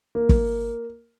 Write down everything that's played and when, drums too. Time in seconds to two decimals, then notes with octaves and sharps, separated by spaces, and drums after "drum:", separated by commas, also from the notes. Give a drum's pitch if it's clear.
0.15 A#3
0.29 drum: kick